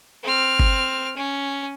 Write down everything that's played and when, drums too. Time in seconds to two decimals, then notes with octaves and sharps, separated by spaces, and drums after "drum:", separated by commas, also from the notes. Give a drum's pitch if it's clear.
0.24 C4 F6
0.60 drum: kick G1
1.16 C#4